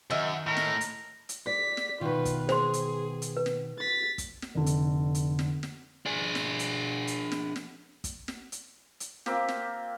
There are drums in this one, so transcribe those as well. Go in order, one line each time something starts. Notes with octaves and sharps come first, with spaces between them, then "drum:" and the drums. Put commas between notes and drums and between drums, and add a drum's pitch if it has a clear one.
F#2 D#3 E5
A2 A#4
drum: snare
drum: hi-hat
drum: hi-hat
D5 B6
drum: snare
B2 D#3 F4 B4
drum: kick, hi-hat
G#4 C5 C6, drum: snare
drum: hi-hat
drum: hi-hat
B4
drum: snare
A6 B6
drum: kick, hi-hat
drum: snare
F1 D3
drum: hi-hat
drum: hi-hat
drum: snare
drum: snare
D4 G#4
drum: snare
drum: hi-hat
drum: hi-hat
drum: snare
drum: snare
drum: kick, hi-hat
drum: snare
drum: hi-hat
drum: hi-hat
A#3 C4 F4 G4, drum: snare
drum: snare